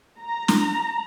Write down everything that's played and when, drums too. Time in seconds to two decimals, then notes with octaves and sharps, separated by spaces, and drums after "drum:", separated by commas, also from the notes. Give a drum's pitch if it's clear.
0.21 A#5
0.48 drum: snare